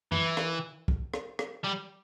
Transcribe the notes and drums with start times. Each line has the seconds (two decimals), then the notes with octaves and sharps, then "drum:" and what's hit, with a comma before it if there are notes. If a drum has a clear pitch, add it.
0.12 E3, drum: tom F#2
0.37 drum: rim click
0.88 drum: kick
1.14 drum: rim click
1.39 drum: rim click
1.64 G3